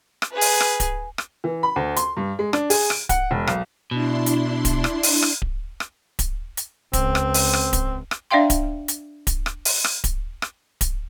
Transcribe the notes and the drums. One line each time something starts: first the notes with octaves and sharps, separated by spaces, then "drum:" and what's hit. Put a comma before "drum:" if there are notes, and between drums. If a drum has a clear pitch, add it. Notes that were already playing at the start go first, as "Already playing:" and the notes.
drum: rim click
G#4 B4
drum: open hi-hat
drum: rim click
drum: kick D1, hi-hat
drum: rim click
E3
B5
D2
C6, drum: hi-hat
G2
G#3
D4, drum: rim click
G#4, drum: open hi-hat
D7, drum: rim click
F#5, drum: kick D1, hi-hat
E1
B1, drum: rim click
B2 D4 E4 C6
drum: hi-hat
drum: kick D1, hi-hat
drum: rim click
drum: open hi-hat
drum: rim click
drum: kick D1
drum: rim click
drum: kick D1, hi-hat
drum: hi-hat
C#2 C4, drum: kick D1, hi-hat
drum: rim click
drum: open hi-hat
drum: rim click
drum: kick D1, hi-hat
drum: rim click
D4 D5 E5 F5 G5 C6
drum: kick D1, hi-hat
drum: hi-hat
drum: kick D1, hi-hat
drum: rim click
drum: open hi-hat
drum: rim click
drum: kick D1, hi-hat
drum: rim click
drum: kick D1, hi-hat